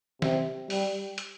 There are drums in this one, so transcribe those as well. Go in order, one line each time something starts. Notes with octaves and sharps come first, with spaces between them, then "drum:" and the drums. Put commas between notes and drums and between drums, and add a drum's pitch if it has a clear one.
C3, drum: snare
G3, drum: open hi-hat
drum: hi-hat